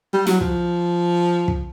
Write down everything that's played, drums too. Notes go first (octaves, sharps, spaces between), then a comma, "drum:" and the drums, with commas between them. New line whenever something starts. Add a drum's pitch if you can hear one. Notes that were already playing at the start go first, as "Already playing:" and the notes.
G3
F#3, drum: snare
F3, drum: kick
drum: kick